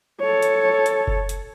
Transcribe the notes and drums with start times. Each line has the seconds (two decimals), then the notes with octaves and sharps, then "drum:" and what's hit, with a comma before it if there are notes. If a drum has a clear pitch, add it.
0.21 A4 C#5
0.43 drum: hi-hat
0.86 drum: hi-hat
1.08 drum: kick F#1
1.29 drum: hi-hat